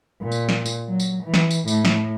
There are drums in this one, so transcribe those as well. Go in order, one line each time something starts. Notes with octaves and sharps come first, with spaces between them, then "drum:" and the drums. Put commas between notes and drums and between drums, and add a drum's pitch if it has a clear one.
A#2
drum: tambourine
drum: snare
drum: tambourine
F#3
drum: tambourine
E3
drum: snare
drum: tambourine
A2, drum: tambourine
drum: snare